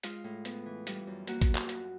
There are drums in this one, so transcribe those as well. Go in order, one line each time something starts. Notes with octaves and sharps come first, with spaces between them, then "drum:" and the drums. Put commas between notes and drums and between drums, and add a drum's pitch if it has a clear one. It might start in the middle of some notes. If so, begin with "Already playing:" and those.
G#3 F4, drum: hi-hat
A2
B3, drum: hi-hat
E3
G3, drum: hi-hat
F#2
A#3 F#4, drum: hi-hat
drum: kick, hi-hat
drum: clap
drum: hi-hat